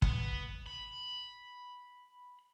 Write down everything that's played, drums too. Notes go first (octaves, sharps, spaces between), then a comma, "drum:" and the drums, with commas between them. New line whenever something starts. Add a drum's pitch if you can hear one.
B3, drum: kick
B5